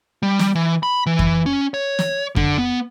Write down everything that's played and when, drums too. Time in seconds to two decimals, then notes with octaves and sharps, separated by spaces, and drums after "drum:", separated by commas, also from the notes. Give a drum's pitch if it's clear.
0.23 G3
0.39 drum: snare
0.55 E3
0.83 B5
1.06 E3
1.19 drum: kick F2
1.46 C#4
1.74 C#5
1.99 drum: snare
2.36 D3, drum: kick F2
2.58 B3